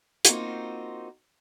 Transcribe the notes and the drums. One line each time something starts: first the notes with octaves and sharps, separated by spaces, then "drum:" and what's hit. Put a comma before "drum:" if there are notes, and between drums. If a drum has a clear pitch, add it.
A#3 C4 D#4 F4 F#4, drum: hi-hat